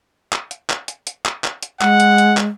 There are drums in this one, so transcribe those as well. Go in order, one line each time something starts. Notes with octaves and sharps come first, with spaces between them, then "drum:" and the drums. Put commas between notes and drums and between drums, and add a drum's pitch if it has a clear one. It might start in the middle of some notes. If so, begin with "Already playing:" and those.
drum: clap
drum: hi-hat
drum: clap
drum: hi-hat
drum: hi-hat
drum: clap
drum: clap
drum: hi-hat
G#3 F#5, drum: clap
drum: hi-hat
drum: hi-hat
drum: clap